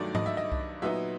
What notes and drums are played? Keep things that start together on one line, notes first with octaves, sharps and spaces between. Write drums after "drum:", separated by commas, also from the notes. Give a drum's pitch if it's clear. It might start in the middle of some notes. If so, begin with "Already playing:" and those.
Already playing: G2 D#3 F#3 A3 D4 D5
D#5, drum: tom G#2
E5
D#5
drum: kick C2
A#2 F#3 B3 D#4 E5